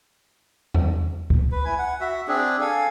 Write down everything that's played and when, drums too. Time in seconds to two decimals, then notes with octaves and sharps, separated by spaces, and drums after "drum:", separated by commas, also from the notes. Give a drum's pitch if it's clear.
0.74 drum: tom E2
1.30 drum: kick
1.52 B4
1.65 E4 G#5
1.79 F#5
2.01 F#4 E5
2.28 C4 D4 G#4
2.61 A4 F5 G#5